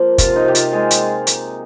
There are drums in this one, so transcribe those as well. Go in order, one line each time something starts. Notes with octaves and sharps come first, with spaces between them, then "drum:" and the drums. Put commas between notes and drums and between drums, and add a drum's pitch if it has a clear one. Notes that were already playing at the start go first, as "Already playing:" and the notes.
Already playing: F3 A#3
C3 F4, drum: kick, hi-hat
D#4
C3 G4
F4, drum: hi-hat
G#3 G#4
drum: hi-hat
drum: hi-hat